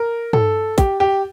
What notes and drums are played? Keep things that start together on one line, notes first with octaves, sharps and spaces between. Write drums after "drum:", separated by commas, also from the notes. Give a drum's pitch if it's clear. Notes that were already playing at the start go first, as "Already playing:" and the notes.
Already playing: A#4
A4, drum: tom
G4, drum: kick, hi-hat
G4